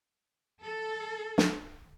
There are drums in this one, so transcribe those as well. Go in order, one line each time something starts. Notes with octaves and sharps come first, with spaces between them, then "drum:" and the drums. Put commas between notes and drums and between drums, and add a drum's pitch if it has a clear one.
A4
drum: snare